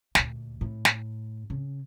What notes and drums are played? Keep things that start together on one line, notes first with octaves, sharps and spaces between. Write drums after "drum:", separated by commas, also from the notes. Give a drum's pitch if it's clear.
D2 A#2, drum: snare
A2
drum: snare
C#3